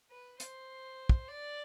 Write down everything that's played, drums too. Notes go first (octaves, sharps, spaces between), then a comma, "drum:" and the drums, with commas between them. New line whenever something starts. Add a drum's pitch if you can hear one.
B4
C5, drum: hi-hat
drum: kick
D5